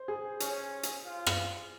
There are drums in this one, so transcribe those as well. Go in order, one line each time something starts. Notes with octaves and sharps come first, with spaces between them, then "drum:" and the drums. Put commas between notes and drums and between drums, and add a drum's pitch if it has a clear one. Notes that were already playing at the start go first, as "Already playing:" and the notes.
Already playing: C5
G#4
C#4, drum: hi-hat
drum: hi-hat
F4
drum: rim click